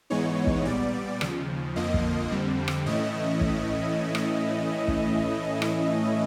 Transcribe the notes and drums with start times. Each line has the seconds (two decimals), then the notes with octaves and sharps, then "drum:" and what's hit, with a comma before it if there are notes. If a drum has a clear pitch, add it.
0.10 G#2 E3 G#3 B3 D#4 C#5
0.47 drum: kick
0.65 A#2 G3 B3 D5
1.21 D#2 C#3 F3, drum: rim click
1.76 F2 D3 F3 A#3 D#5
1.94 drum: kick
2.31 F2 D3 G3 C4
2.68 drum: rim click
2.86 A2 E3 A3 C#4 E4 D#5
3.41 drum: kick
4.15 drum: rim click
4.88 drum: kick
5.62 drum: rim click